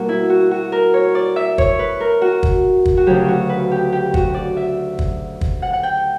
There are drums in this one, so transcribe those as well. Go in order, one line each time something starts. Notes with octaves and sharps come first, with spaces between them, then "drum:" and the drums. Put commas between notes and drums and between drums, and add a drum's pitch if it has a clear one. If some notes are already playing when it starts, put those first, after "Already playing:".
Already playing: B2 G3 A#3 D4 F#4 A#4
E4
F#4
F#4
A#4
C#5
D5
E5
C#5, drum: kick
B4
A#4
F#4
drum: kick
drum: kick
F#4
D2 C#3 F#3 G4
F#4
B4
G4
G4
F#4, drum: kick
D5
E5
drum: kick
drum: kick
F#5
F#5
G5